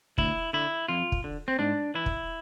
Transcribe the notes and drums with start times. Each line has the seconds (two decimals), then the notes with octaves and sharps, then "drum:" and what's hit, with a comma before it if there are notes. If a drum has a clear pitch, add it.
0.18 D2 E4, drum: kick
0.53 D3 E4
0.88 F2 F4
1.12 drum: kick
1.24 D3
1.48 C4
1.59 G#2 D4
1.94 E3 E4
2.06 drum: kick